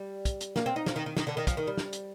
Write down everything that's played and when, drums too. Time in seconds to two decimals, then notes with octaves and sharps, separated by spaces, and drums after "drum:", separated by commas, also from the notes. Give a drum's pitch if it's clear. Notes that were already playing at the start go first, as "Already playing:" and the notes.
Already playing: G3
0.25 drum: kick, hi-hat
0.41 drum: hi-hat
0.56 A#3, drum: snare
0.66 C4
0.76 D#4
0.86 F3, drum: snare
0.96 D#3
1.06 D#3
1.17 D#3, drum: snare
1.27 D3
1.37 D#3
1.47 F3, drum: kick, hi-hat
1.57 D#3
1.67 G3
1.77 drum: snare
1.93 drum: hi-hat